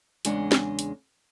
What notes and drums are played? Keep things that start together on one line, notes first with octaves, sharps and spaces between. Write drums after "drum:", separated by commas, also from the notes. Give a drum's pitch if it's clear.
E2 C#3 G#3 D4 F#5, drum: hi-hat
drum: snare
drum: hi-hat